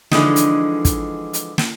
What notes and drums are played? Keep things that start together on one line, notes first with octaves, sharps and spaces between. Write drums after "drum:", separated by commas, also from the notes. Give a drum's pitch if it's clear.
D3 E3 F3 G#3 D#4, drum: snare
drum: hi-hat
drum: kick, hi-hat
drum: hi-hat
drum: snare